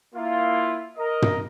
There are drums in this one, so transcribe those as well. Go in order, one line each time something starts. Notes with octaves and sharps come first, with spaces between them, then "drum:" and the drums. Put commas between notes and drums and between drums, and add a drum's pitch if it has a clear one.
A#3 E4 F4
A#4 D#5
drum: tom